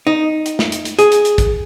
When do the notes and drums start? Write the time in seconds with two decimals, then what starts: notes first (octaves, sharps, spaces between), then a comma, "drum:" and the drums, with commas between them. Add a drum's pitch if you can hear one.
0.07 D#4
0.46 drum: hi-hat
0.59 drum: snare
0.72 drum: hi-hat
0.85 drum: hi-hat
0.99 G#4, drum: hi-hat
1.12 drum: hi-hat
1.25 drum: hi-hat
1.38 drum: kick, hi-hat